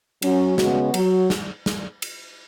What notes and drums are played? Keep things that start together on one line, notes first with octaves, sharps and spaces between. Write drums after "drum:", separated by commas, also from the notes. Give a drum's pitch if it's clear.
F#3 C#4 F#4, drum: cymbal
C#3 G#3 B3 F#4, drum: snare
F#3, drum: cymbal
drum: snare
drum: snare
drum: cymbal